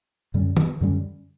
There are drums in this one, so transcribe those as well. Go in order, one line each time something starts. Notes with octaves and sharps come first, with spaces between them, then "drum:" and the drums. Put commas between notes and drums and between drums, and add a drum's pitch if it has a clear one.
F#2 D3 G3 C#4
drum: tom D#3
F#2 D3 G3 C#4